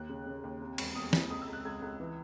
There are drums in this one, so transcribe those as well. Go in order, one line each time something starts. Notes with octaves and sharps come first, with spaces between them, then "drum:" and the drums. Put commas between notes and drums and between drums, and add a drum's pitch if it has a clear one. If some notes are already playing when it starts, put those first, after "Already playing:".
Already playing: D#2 F#6
C#3
C#3
D#2
C3
E1, drum: cymbal
E2 D#6
C3, drum: snare
C#2 D#6
E6
C#2
F#6
C#2 G#6
C#2
E3